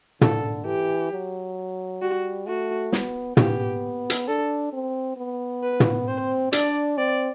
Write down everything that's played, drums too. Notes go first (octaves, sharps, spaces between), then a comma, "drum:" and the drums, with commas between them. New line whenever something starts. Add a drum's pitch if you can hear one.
D3 A4, drum: tom
E3 G4
F#3
G3 F#4
A3 F#4
B3, drum: snare
B3 G4, drum: tom
drum: hi-hat
D4 A4
C4
B3
B4
drum: tom
C4 C5
D4 D5, drum: hi-hat
C4 D5